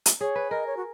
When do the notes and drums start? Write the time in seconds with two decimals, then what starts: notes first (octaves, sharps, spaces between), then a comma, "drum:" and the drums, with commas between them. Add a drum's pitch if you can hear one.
0.06 drum: hi-hat
0.21 G#4 C#5
0.35 B4
0.51 A#4 D#5
0.67 C#5
0.77 F#4